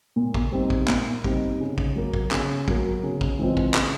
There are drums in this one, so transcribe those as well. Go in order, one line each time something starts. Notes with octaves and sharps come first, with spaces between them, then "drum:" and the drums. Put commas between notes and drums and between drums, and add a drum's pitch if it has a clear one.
A#2
drum: kick
G3 C4 D#4
drum: kick
A#2, drum: clap
G3 C4 D#4, drum: kick
C#3
drum: kick
F#3 A#3
drum: kick
C#3, drum: clap
F#3 A#3, drum: kick
C#3
drum: kick
E3 G#3 C4 F4
drum: kick
C#3, drum: clap